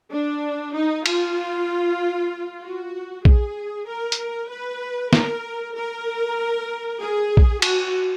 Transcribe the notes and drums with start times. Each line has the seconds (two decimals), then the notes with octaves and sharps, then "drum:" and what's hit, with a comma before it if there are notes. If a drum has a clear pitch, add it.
0.12 D4
0.74 D#4
1.06 F4, drum: cymbal
2.62 F#4
3.25 G#4, drum: kick A#1
3.87 A#4
4.12 drum: hi-hat
4.50 B4
5.13 A#4, drum: snare
5.75 A#4
7.00 G#4
7.37 drum: kick A#1
7.62 F#4, drum: cymbal